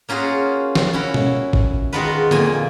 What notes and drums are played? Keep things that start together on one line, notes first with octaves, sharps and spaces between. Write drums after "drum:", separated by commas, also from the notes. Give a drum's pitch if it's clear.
A#3 C#4 F4 F#4 G#4
drum: snare
C#4 E4 F#4
drum: tom B2
drum: kick G#1
D#3 G#3 F4 F#4 A#4 B4
F2 A#2 G#5, drum: tom D3